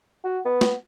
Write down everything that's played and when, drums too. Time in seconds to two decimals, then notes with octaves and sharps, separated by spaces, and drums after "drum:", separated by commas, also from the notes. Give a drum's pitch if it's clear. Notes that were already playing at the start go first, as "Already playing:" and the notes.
0.24 F#4
0.45 B3
0.61 drum: snare